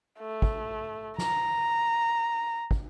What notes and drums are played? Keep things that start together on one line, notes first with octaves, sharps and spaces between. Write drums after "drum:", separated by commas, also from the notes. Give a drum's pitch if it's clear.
A3
drum: kick
A#5, drum: snare
drum: kick